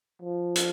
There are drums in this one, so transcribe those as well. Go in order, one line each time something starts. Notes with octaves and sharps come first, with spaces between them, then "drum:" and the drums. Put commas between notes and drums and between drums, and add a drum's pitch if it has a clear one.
F3
drum: hi-hat